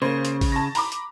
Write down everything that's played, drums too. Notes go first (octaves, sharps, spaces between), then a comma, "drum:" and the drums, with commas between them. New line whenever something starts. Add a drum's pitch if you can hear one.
C#3 A#3 C5
drum: hi-hat
drum: kick, open hi-hat
A5 A#6
A#5 B5 D6, drum: open hi-hat
drum: hi-hat